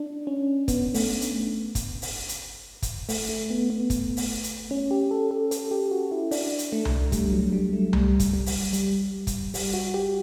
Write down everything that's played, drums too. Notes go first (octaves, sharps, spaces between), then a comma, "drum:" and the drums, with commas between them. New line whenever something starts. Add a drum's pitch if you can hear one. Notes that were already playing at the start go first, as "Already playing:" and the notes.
Already playing: D4
C#4
B3, drum: kick, hi-hat
A3, drum: open hi-hat
drum: hi-hat
drum: kick, hi-hat
drum: open hi-hat
drum: hi-hat
drum: kick, hi-hat
A3, drum: open hi-hat
A3
B3
B3
drum: kick, hi-hat
drum: open hi-hat
drum: hi-hat
C#4
G4
A4
A4
A4, drum: hi-hat
G4
F#4
E4
D4, drum: open hi-hat
drum: hi-hat
A3
drum: tom C2
G3, drum: kick, hi-hat
F#3
G3
A3
G3, drum: tom C2
drum: kick, hi-hat
G3
drum: open hi-hat
G3, drum: hi-hat
drum: kick, hi-hat
G3, drum: open hi-hat
F#4
G4